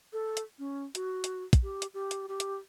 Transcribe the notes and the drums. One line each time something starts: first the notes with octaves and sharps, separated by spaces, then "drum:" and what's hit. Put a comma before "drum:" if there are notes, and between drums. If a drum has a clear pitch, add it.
A4
drum: hi-hat
C#4
F#4, drum: hi-hat
drum: hi-hat
drum: kick, hi-hat
G4
drum: hi-hat
G4
drum: hi-hat
G4
drum: hi-hat